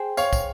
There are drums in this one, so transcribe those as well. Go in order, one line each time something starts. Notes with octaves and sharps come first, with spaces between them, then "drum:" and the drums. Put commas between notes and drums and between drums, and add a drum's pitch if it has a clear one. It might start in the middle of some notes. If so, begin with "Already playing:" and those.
Already playing: G#4 C5 G5
C#5 F5, drum: tambourine
drum: kick, tambourine